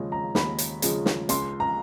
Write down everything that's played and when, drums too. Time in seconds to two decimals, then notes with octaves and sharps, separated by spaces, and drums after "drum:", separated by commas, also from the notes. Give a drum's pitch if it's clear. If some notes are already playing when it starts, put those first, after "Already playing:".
Already playing: D#2 C#3 F3 G#3
0.12 A#5
0.35 D#2 B5, drum: snare
0.58 drum: hi-hat
0.82 C#3 F3 G#3, drum: hi-hat
1.06 drum: snare
1.29 C#2 C6, drum: hi-hat
1.60 A#5